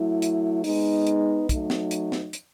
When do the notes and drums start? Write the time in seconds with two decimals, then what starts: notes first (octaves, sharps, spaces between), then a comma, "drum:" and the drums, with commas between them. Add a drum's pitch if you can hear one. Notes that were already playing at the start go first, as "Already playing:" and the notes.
Already playing: F#3 A3 E4
0.22 drum: hi-hat
0.64 G#3 B3 D#4, drum: open hi-hat
1.07 drum: hi-hat
1.49 F#3 A3 D#4, drum: kick, hi-hat
1.70 drum: snare
1.91 drum: hi-hat
2.12 drum: snare
2.33 drum: hi-hat